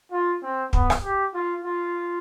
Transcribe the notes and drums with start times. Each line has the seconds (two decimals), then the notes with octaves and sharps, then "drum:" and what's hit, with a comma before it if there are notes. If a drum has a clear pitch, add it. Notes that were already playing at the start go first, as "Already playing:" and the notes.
0.12 F4
0.43 C4
0.73 B3, drum: kick
0.90 drum: rim click
1.03 G4
1.34 F4
1.65 F4